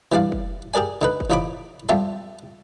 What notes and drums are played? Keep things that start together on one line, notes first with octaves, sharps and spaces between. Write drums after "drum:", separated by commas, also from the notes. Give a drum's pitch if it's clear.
E3 G3 D4 D5 F5
drum: kick
G4 G#4 A#4 D5 G#5
D3 D#4 B4
drum: kick
A1 F3 D#4 C#5 B5 D6
F2 G3 F4 G4 E5 A5